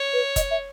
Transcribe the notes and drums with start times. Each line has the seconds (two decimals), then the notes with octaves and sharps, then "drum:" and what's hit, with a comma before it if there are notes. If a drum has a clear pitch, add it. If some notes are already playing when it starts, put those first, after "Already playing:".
Already playing: C#5
0.13 B4
0.36 D#5, drum: kick F#1, hi-hat
0.51 E5